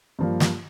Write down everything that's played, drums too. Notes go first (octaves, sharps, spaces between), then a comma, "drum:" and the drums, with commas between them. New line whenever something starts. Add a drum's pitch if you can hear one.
G2 F3 A#3
drum: snare